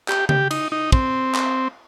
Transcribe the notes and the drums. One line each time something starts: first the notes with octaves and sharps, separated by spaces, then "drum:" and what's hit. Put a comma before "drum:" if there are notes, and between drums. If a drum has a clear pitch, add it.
G4, drum: clap
G4, drum: tom C#3
D#4, drum: cymbal
D#4
C4, drum: kick
drum: clap